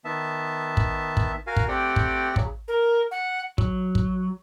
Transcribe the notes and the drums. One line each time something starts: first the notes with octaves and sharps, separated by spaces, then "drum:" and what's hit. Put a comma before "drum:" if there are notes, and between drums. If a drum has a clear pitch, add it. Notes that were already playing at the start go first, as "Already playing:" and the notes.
D#3 B3 E5 A5
drum: kick
drum: kick
F#4 A#4 F5 G#5
drum: kick
A3 C4 G4 D5 F#5 G5
drum: kick
C#3 F#3, drum: kick
A#4
F#5
F#3, drum: kick
drum: kick